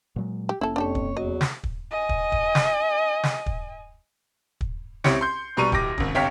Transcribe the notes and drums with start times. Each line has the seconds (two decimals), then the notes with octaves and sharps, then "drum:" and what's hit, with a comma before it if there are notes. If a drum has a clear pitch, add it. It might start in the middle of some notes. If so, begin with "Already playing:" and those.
0.16 A#2 F#3 G#3
0.49 G4
0.61 F1 A#3 C#4 E4 A4
0.76 F2 D4 G4 A4 C#5
0.95 drum: kick
1.17 E2 F#3 D#5
1.41 drum: snare
1.64 drum: kick
1.91 D#5 G#5
2.09 drum: kick
2.32 drum: kick
2.55 drum: snare
3.23 drum: snare
3.46 drum: kick
4.61 drum: kick
5.04 C#2 C4 E4 G4 C#5 C#7, drum: snare
5.21 C6 G6
5.57 A#1 B2 G3 A#5 C#6 D#7
5.72 D1 G4 D6 A#6, drum: kick
5.98 G#1 C#3, drum: kick
6.14 G1 C3 C#5 F5 G5 B6